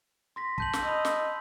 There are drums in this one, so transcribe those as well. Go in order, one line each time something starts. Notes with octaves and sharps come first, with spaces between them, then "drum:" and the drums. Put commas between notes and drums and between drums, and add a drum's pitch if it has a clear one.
C6 A#6 B6
A5 G6 F#7, drum: kick
drum: snare
D#5 B5 E6
drum: snare